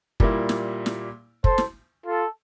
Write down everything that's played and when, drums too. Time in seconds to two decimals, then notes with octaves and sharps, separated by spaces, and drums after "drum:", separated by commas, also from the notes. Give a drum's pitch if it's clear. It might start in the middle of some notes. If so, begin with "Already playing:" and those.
0.20 A#2 G3 A#3 E4, drum: kick
0.49 drum: snare
0.86 drum: snare
1.44 A4 C5, drum: kick
1.58 drum: snare
2.06 F4 A4